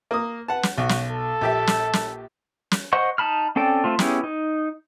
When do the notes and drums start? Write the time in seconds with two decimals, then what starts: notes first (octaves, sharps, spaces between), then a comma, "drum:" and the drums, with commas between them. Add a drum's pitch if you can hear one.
0.11 A#3 D#6
0.48 B4 F#5 A5
0.63 drum: snare
0.78 B1 F#4
0.89 drum: snare
1.09 A4
1.41 A#1 G4 E5
1.67 drum: snare
1.93 drum: snare
2.71 drum: snare
2.93 C5 D#5 F#5 C#6
3.18 D#4 A5 B5 F6
3.56 C4 C#4 A4 D5 G5
3.84 A3 C4 F4
3.99 B3 C#4 E4 G4 G#4, drum: snare
4.24 D#4